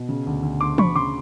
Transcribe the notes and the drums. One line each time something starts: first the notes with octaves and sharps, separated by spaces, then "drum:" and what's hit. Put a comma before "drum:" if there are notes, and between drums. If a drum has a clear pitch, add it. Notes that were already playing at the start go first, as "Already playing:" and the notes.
Already playing: B2
C#3
D2
D2
D2 C6 D6
D2 B5 C#6, drum: tom E3
C#3 C6 D6